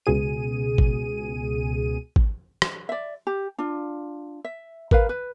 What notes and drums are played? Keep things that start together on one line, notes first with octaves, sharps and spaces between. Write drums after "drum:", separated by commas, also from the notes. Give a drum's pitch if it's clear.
C#2 B2 G#4 D#7
drum: kick
drum: kick
drum: rim click
D5 E5
G4
D4 F4
E5
A#4 B4 F5, drum: kick
B4